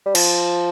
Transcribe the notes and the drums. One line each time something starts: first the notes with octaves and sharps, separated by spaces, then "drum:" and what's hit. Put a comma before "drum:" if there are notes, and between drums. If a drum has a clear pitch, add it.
G3
F3, drum: cymbal